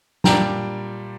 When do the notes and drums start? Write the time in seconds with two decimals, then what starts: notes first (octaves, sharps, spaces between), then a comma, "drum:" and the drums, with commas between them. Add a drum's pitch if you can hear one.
0.24 A#2 G3 D4 G5 A#5, drum: snare